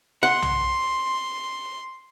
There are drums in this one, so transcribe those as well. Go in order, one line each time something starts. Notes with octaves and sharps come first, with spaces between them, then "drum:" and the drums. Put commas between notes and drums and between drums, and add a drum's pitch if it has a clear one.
F#5 C6
drum: tom B1